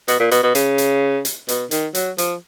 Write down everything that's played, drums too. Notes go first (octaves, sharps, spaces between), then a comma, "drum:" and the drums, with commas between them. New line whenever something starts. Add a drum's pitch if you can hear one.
B2, drum: hi-hat
A#2
B2, drum: hi-hat
B2
C#3, drum: hi-hat
drum: hi-hat
drum: hi-hat
B2, drum: hi-hat
D#3, drum: hi-hat
F#3, drum: hi-hat
F3, drum: hi-hat